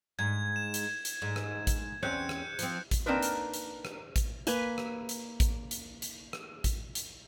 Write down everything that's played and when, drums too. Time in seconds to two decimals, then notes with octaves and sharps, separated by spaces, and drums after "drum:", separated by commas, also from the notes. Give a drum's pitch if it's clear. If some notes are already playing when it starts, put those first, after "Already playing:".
0.19 G#2 G#6
0.56 E7
0.74 drum: hi-hat
1.05 drum: hi-hat
1.22 G#2
1.36 drum: rim click
1.67 drum: kick A1, hi-hat
2.03 E2 C4 C#4 F#6 G6 C#7
2.29 drum: rim click
2.59 F3 C4, drum: hi-hat
2.91 drum: kick A1, hi-hat
3.06 A#3 C4 D4 D#4 A#4 B4
3.22 drum: hi-hat
3.54 drum: hi-hat
3.85 drum: rim click
4.16 drum: kick A1, hi-hat
4.47 A#3 B4 G#5, drum: hi-hat
4.78 drum: rim click
5.09 drum: hi-hat
5.40 drum: kick A1, hi-hat
5.71 drum: hi-hat
6.02 drum: hi-hat
6.33 drum: rim click
6.64 drum: kick A1, hi-hat
6.95 drum: hi-hat